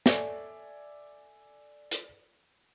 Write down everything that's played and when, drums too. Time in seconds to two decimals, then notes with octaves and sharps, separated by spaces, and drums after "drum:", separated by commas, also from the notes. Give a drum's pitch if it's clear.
0.06 A4 D5 E5 G#5, drum: snare
1.91 drum: hi-hat